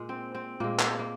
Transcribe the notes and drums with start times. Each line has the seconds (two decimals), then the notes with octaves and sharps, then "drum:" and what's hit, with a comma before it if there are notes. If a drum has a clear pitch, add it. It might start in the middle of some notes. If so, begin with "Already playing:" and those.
Already playing: A#2 G#3
0.09 C4
0.35 C4
0.60 A#2 G#3 A#3
0.79 drum: clap
0.99 A#3